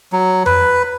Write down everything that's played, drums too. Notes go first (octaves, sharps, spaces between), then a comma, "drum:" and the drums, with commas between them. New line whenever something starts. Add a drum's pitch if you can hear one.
F#3
B4, drum: tom F2